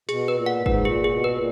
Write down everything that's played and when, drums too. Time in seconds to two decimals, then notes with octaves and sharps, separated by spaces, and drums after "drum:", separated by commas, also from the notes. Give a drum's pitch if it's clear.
0.09 B2 G#4, drum: hi-hat
0.28 B4
0.35 A#2
0.46 F#5
0.60 G#2
0.66 B4, drum: kick G1
0.85 A#2 G#4
1.04 G#4
1.11 B2
1.24 B4
1.37 A#2